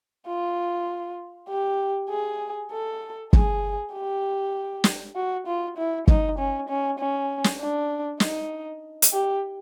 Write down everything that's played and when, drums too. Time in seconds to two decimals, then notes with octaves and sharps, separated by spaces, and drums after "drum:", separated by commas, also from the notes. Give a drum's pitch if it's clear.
0.27 F4
1.49 G4
2.10 G#4
2.71 A4
3.33 G#4, drum: kick
3.93 G4
4.84 drum: snare
5.15 F#4
5.46 F4
5.77 E4
6.08 D#4, drum: kick
6.38 C#4
6.68 C#4
6.99 C#4
7.44 drum: snare
7.60 D4
8.20 D#4, drum: snare
9.02 drum: hi-hat
9.13 G4